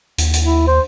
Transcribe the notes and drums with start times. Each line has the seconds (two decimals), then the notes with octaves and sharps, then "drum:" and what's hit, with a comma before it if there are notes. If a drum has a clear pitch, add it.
0.18 D#2, drum: hi-hat
0.33 drum: hi-hat
0.44 E4
0.67 C5